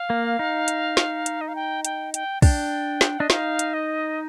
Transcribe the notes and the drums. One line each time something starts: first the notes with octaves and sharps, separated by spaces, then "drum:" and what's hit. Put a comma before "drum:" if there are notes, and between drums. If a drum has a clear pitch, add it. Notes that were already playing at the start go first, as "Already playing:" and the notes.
Already playing: F5
A#3
D#4
drum: hi-hat
drum: snare
drum: hi-hat
D#5
F5
G5
G5, drum: hi-hat
G5, drum: hi-hat
D4 G5, drum: kick, open hi-hat
drum: snare
D4 D#5
D#4 F5, drum: snare
drum: hi-hat
D#5